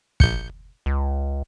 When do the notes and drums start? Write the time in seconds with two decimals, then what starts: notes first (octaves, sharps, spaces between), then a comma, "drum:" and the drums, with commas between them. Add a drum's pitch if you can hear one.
0.20 A#1 G6 C#7, drum: kick
0.86 C#2